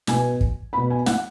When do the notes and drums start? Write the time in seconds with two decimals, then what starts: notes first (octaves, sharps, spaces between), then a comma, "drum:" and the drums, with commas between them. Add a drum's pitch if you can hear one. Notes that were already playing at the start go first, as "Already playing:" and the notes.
0.07 B2 B3 G#5, drum: snare
0.41 drum: kick
0.73 B2 B3 B5
0.90 G#5
1.06 F#5, drum: snare